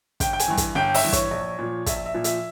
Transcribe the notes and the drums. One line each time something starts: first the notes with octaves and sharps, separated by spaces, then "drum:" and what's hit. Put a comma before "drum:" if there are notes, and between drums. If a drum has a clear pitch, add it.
G1 G5, drum: kick, hi-hat
G5
G#5, drum: hi-hat
G2 E3
drum: kick, hi-hat
G1 G5
E5, drum: open hi-hat
G2 E3
C#5, drum: kick, hi-hat
A#1
A#2 F3
A#1 E5, drum: kick, hi-hat
E5
A#2 F3
E5, drum: hi-hat